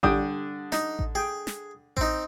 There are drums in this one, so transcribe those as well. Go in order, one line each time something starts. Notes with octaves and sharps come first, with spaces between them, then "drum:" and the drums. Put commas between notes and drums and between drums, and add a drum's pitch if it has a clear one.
D3 G3 D4 G5 D#6, drum: kick A1
D#4, drum: snare
drum: kick A1
G#4 G5
drum: snare
C4 D#4, drum: kick A1